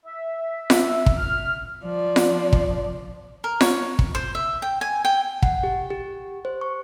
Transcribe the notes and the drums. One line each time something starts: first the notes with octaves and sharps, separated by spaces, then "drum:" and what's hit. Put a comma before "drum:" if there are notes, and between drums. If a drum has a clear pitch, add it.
E5
drum: snare F4
drum: kick
F6
F3 D5
drum: snare F4
drum: kick
A#4
C#5, drum: snare F4
drum: kick
C5
E5
G5
G#5
G5
F#5, drum: kick
G4
G4
C5
C#6